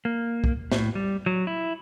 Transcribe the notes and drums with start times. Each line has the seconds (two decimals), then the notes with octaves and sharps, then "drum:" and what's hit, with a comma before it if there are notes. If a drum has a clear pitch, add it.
0.05 A#3
0.44 drum: kick B1
0.72 A2, drum: snare
0.95 G3
1.26 F#3
1.47 E4